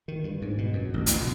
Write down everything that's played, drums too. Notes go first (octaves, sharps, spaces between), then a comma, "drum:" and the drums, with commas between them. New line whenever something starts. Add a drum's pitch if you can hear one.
D#3
G2
G#2
B2
F#2
A1
D2, drum: hi-hat
B1